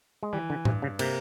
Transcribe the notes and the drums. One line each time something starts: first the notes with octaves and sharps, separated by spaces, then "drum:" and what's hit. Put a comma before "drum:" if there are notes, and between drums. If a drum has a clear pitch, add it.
G#3
E3 G3
D3
G2 C3, drum: tom A2
C#3
C3 A#3, drum: cymbal